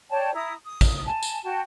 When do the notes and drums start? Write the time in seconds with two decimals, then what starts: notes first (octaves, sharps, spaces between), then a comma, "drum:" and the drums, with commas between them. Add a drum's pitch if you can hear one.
0.10 C#5 D5 G5 A5
0.35 E4 A#5 D#6
0.65 D#6
0.81 drum: kick, tambourine
1.06 G#5 A5
1.23 drum: tambourine
1.43 F#4 G5 A5